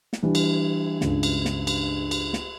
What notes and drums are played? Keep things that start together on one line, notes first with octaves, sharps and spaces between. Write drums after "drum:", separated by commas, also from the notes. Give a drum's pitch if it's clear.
drum: snare
E3 G3 D4
drum: cymbal
C#2 G2, drum: snare
drum: cymbal
drum: snare
drum: cymbal
drum: cymbal
drum: snare